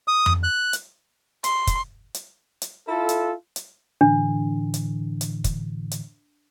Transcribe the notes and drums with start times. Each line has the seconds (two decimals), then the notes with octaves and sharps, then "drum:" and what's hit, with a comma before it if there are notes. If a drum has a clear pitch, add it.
0.08 D#6
0.26 drum: tom F2
0.43 F#6
0.73 drum: hi-hat
1.44 C6, drum: hi-hat
1.67 drum: kick, hi-hat
2.14 drum: hi-hat
2.62 drum: hi-hat
2.88 E4 F4 A4
3.09 drum: hi-hat
3.56 drum: hi-hat
4.01 A2 D3 E3 D4
4.74 drum: hi-hat
5.21 drum: hi-hat
5.44 drum: kick, hi-hat
5.91 drum: hi-hat